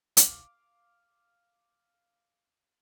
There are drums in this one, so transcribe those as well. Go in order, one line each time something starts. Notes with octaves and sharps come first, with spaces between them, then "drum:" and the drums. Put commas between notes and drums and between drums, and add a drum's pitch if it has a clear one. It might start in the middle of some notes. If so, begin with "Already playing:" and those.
F5 D6, drum: hi-hat